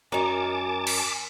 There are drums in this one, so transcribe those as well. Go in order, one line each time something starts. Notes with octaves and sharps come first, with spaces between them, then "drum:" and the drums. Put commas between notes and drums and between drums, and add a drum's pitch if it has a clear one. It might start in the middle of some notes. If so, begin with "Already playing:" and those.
F#2 D#4 A#4 G#5 A5 D6
drum: cymbal